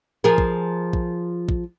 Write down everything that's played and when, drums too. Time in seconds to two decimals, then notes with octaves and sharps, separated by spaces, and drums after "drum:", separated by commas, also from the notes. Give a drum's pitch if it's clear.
0.24 F3 G#4 A#4
0.38 drum: kick
0.93 drum: kick
1.49 drum: kick